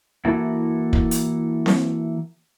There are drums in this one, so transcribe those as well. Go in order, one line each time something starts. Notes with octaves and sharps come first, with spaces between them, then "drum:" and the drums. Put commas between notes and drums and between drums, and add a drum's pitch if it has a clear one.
E3 A#3 E4 F#4 A4
drum: kick
drum: hi-hat
drum: snare C4